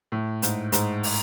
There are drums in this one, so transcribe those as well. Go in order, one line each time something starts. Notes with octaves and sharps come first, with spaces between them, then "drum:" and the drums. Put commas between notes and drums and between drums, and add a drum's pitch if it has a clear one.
A2
G#2, drum: hi-hat
G#2, drum: hi-hat
drum: open hi-hat